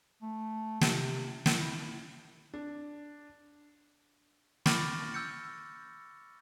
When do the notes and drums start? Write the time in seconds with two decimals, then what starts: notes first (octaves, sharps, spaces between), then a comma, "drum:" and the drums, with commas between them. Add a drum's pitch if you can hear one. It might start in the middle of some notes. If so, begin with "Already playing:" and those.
0.22 A3
0.81 C3, drum: snare
1.46 drum: snare
1.57 E4
2.54 D4
4.66 B5 C#6 D6 F6 A6 A#6, drum: snare
5.14 E6 G6 C#7